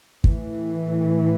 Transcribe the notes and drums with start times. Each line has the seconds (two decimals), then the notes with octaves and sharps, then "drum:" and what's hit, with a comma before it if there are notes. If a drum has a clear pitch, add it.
0.24 A2 E3, drum: kick